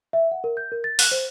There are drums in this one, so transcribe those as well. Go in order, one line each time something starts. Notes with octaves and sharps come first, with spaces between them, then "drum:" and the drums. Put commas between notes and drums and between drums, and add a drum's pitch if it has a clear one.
E5
F#5
A#4
G6
A#4
A6
F#6, drum: open hi-hat
C5